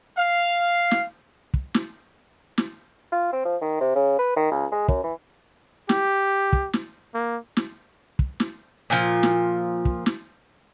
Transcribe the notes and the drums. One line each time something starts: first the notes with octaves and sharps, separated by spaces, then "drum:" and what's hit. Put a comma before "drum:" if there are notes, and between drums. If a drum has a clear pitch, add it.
F5
drum: snare
drum: kick
drum: snare
drum: snare
F4
C4
F3
D#3
C3
C#3
B4
D#3
C#2
G#3
F#2, drum: kick
E3
G4, drum: snare
drum: kick
drum: snare
A#3
drum: snare
drum: kick
drum: snare
A#2 F3
drum: snare
drum: kick
drum: snare